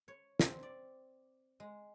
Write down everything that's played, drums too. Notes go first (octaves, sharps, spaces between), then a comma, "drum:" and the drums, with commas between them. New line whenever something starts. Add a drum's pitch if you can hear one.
C#5
C4, drum: snare
D5
G#3